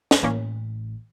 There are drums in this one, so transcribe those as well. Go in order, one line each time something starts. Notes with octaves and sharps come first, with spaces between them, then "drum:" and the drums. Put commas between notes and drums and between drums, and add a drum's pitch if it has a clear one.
drum: snare
A1 E3 A#3 C#4